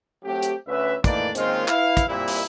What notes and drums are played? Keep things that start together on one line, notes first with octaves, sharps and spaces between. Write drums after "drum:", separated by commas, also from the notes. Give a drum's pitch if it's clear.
F#3 A3 C4 G4
drum: hi-hat
D2 C#4 B4 E5
D#3 E3 A3 A#3 D4 D5, drum: kick, hi-hat
D#3 G#3 A#3 C4 C#4 F4, drum: hi-hat
E4 B4 F5, drum: clap
drum: kick, hi-hat
A#2 G3 A#3 C4 E4
drum: open hi-hat